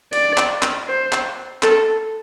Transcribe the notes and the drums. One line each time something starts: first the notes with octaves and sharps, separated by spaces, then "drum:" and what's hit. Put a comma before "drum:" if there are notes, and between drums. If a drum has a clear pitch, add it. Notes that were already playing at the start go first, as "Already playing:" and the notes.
D5, drum: cymbal
drum: clap
drum: clap
C5
drum: clap
A4, drum: clap